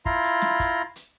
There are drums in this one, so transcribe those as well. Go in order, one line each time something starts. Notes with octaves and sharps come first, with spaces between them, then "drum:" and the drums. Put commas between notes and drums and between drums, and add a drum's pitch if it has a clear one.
E4 F4 A#5 C6, drum: kick
drum: hi-hat
drum: snare
drum: kick, hi-hat
drum: hi-hat